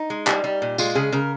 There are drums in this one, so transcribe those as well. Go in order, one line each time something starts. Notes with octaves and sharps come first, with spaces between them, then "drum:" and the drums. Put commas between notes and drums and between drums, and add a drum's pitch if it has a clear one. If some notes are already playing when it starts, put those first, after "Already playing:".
Already playing: D#4
G#3
G3, drum: clap
G3
A#2
G#3 F4, drum: tambourine
C#3 G#4
C#3 A#4